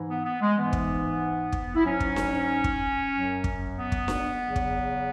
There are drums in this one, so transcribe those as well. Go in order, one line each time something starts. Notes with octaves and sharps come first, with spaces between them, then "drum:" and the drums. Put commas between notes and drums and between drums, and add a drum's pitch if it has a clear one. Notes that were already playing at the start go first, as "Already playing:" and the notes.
Already playing: G#2 E3
B3
B3
G#3
G#2 E3 B3
drum: kick
drum: kick
E4
G#2 F#3 C#4
drum: kick
drum: snare D4
drum: kick
F#2 F#3
drum: kick
B3
drum: kick
drum: snare D4
E2 C#3 F#3
drum: kick